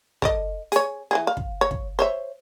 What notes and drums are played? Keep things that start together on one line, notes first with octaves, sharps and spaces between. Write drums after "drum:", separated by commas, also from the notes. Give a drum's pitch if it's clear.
A4 D5 D#5, drum: kick
G#4 C#5, drum: hi-hat
E3 F#3 G#4
F5
drum: kick
C#5
drum: kick
C5 C#5 E5